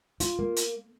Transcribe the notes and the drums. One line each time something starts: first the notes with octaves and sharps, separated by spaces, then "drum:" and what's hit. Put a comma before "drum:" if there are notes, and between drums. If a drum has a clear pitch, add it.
F4, drum: hi-hat
A#3
drum: hi-hat